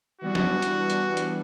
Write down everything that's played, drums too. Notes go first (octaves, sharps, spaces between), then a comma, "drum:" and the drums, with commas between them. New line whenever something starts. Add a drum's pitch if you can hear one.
E3 G3 B3 D4 F#4
drum: snare
drum: hi-hat
drum: hi-hat
drum: hi-hat